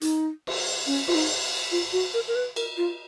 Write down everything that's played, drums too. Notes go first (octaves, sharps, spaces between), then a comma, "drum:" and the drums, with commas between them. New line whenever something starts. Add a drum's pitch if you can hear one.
D#4, drum: hi-hat
drum: cymbal
C#4
F4, drum: cymbal
D#4
F4
F#4
A#4
A#4
B4
A#4, drum: cymbal
F4